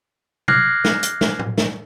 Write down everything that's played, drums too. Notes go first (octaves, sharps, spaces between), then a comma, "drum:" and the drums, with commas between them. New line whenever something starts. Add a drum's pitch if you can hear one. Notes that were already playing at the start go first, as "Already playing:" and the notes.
D6 F6 F#6 G#6 A#6 C7, drum: tom
drum: snare
drum: hi-hat
drum: snare
drum: tom A2
drum: snare